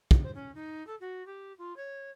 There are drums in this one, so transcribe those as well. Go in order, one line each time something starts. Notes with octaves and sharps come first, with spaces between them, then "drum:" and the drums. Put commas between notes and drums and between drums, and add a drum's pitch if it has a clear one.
drum: kick
C5
C#4
D#4
A4
F#4
G4
F4
C#5